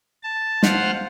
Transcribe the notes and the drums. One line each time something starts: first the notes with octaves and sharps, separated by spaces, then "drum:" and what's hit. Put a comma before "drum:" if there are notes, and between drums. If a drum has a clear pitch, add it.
A5
F4 C5 F#5 F6, drum: snare